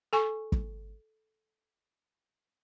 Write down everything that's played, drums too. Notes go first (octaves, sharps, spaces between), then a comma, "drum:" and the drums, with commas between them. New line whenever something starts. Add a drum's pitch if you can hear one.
A4 G#5 C#6
drum: kick